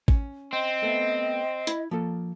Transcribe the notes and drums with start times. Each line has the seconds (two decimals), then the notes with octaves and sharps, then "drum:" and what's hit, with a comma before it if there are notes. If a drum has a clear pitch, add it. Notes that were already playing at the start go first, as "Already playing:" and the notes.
0.08 C#4, drum: kick
0.53 C4 D#5
0.83 A3 B3
1.67 E4 B5, drum: hi-hat
1.91 F3 A#3 A4